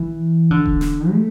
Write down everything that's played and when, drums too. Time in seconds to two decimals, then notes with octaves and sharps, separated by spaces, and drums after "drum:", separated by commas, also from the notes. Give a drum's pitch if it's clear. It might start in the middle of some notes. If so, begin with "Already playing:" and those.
Already playing: E3
0.51 D3
0.66 drum: kick D#1
0.81 drum: snare
1.12 A3